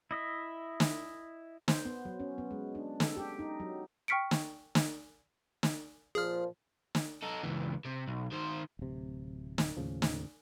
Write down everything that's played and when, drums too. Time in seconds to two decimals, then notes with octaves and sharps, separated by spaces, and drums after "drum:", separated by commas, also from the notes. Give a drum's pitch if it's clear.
0.11 E4 D#5 E5
0.80 drum: snare
1.68 C5, drum: snare
1.85 B3
2.05 F#3
2.20 C#4
2.38 B3
2.51 G#3
2.75 D4
3.00 A4, drum: snare
3.17 G4
3.39 D#4
3.60 F#3
4.08 G5 C#6 F6 B6 C#7 D7
4.31 drum: snare
4.75 drum: snare
5.63 drum: snare
6.15 A#2 F3 G#4 F6
6.95 drum: snare
7.22 D#4 A4
7.43 C#2 E3
7.85 C3
8.08 B1
8.32 D#3 C5
8.79 D1 C3
9.58 drum: snare
9.77 D#2 A2 C#3 F3
10.02 drum: snare